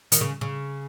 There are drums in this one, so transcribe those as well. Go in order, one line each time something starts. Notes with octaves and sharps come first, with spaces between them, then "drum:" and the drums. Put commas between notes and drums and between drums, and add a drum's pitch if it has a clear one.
D#3, drum: hi-hat
C#3
C#3